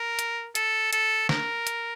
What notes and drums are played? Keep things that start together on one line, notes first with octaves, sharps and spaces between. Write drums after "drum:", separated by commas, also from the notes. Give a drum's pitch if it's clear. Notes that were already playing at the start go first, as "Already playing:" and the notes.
Already playing: A#4
drum: hi-hat
A4, drum: hi-hat
A4, drum: hi-hat
A#4, drum: snare
drum: hi-hat